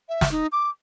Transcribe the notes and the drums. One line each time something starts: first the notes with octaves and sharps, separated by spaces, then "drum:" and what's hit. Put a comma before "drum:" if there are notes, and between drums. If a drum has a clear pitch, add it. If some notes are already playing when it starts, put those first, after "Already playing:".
E5
drum: snare
D#4
D6